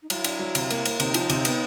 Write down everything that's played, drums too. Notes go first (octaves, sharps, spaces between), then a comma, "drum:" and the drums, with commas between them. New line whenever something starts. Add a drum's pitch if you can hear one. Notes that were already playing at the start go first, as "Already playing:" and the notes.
D#4
F#3 E4, drum: cymbal
D4, drum: cymbal
F#3
C3, drum: cymbal
A#3, drum: cymbal
A#3, drum: cymbal
C3 D#4, drum: cymbal
F3, drum: cymbal
C3, drum: cymbal
B3, drum: cymbal